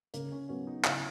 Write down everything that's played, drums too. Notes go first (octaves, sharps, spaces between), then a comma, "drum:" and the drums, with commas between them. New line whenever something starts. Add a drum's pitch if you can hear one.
C#3 A#3, drum: hi-hat
C#4
F#3 B3 C#4
D#4
C#3 E4, drum: clap